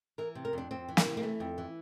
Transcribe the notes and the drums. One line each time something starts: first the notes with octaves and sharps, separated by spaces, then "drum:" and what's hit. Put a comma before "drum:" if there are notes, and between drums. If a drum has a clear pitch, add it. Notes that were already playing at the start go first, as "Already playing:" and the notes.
E3 A#4
C3
A#4
F2 D4
F2 C4
E3
A#3, drum: snare
C3
A#3
E3 A3
F2
E3